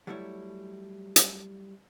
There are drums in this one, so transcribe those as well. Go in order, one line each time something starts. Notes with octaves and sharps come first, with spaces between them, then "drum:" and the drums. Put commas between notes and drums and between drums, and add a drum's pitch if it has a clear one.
F#3 G3 A3 E4 C#5
drum: hi-hat